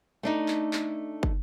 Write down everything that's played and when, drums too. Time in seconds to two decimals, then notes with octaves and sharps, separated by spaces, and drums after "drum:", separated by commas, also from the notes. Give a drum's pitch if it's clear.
0.23 A3 D4 D#4
0.48 drum: clap
0.73 drum: clap
1.23 drum: kick